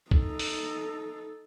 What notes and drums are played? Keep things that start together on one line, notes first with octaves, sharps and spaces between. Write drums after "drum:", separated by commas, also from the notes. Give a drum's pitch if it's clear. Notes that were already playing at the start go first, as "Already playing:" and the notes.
D#4 A4, drum: kick B1
drum: open hi-hat